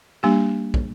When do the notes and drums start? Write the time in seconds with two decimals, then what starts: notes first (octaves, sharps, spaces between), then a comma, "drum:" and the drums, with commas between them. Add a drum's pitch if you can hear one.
0.23 G3 A#3 D4 G4
0.74 drum: kick